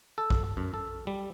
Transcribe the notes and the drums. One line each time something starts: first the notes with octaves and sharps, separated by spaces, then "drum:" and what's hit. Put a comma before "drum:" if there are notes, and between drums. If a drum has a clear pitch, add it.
A4
drum: kick A#1
F#2
A4
G3